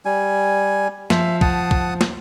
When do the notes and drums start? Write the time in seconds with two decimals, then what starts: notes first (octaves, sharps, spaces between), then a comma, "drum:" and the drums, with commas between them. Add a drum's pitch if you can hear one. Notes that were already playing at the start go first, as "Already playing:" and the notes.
0.05 G3 G#5
1.10 F3 E5, drum: snare
1.41 F#5 A5 D#6, drum: kick B1
1.71 drum: kick B1
2.01 drum: snare